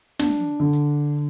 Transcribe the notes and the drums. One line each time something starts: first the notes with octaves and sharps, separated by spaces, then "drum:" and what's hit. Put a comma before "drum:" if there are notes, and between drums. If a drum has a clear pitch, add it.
D4, drum: snare
D3
drum: hi-hat